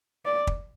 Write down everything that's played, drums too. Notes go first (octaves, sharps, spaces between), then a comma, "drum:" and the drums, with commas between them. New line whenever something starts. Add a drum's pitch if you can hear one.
D5
drum: kick